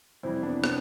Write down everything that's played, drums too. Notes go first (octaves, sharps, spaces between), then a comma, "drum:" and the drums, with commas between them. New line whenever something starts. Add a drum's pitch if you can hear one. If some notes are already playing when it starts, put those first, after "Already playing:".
F2 C3 E3 G3 C4 E4
B3 D4
C3 B3 D4, drum: rim click